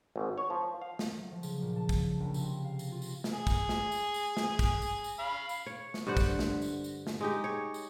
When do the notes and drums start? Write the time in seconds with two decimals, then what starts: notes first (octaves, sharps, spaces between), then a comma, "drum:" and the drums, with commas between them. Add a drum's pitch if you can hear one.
0.16 G#1
0.38 C#5
0.50 F3
0.81 F5
0.99 drum: snare
1.18 F#3
1.32 F3
1.43 C#3, drum: tambourine
1.62 A#2
1.76 A5
1.89 drum: kick, tambourine
2.20 A#1
2.34 C3, drum: tambourine
2.64 F5
2.79 drum: tambourine
2.92 F4
3.02 drum: tambourine
3.24 drum: snare
3.34 G#4
3.47 drum: kick, tambourine
3.69 drum: snare
3.92 drum: tambourine
4.14 drum: tambourine
4.37 drum: snare
4.59 drum: kick, tambourine
4.82 drum: tambourine
5.04 drum: tambourine
5.19 F5 B5
5.49 drum: tambourine
5.66 C#5
5.94 drum: snare
6.07 G2 D3 C5 F#5
6.17 drum: kick, tambourine
6.39 drum: snare
6.62 drum: tambourine
6.84 drum: tambourine
7.07 drum: snare
7.21 G#3 D#4 G4
7.44 C#5
7.74 drum: tambourine